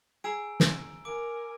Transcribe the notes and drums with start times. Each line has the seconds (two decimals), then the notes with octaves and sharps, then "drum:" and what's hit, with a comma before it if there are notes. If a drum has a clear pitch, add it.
0.24 G#4 A#5 E6 D7
0.60 drum: snare
1.05 A#4 G#5 D6 D7